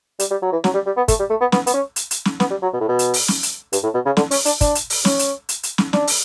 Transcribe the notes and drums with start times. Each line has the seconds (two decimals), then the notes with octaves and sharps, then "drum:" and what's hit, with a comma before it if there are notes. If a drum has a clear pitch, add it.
0.19 G3, drum: hi-hat
0.31 G3
0.42 F#3
0.52 E3
0.64 F#3, drum: snare
0.74 G3
0.86 G3
0.97 B3
1.08 A3, drum: kick, hi-hat
1.19 G3
1.30 A3
1.41 B3
1.52 B3, drum: snare
1.67 B3, drum: hi-hat
1.74 C#4
1.96 drum: hi-hat
2.11 drum: hi-hat
2.25 drum: snare
2.40 B3, drum: snare
2.51 G3
2.62 F#3
2.73 B2
2.81 A2
2.89 B2
2.99 drum: hi-hat
3.14 drum: open hi-hat
3.28 drum: snare
3.43 drum: hi-hat
3.73 G2, drum: hi-hat
3.83 A2
3.94 B2
4.05 C#3
4.17 D3, drum: snare
4.31 C#4, drum: open hi-hat
4.46 D4, drum: hi-hat
4.61 D4, drum: kick, hi-hat
4.75 drum: hi-hat
4.90 drum: open hi-hat
5.05 C#4, drum: snare
5.19 drum: hi-hat
5.49 drum: hi-hat
5.63 drum: hi-hat
5.78 drum: snare
5.93 D4, drum: snare
6.07 drum: open hi-hat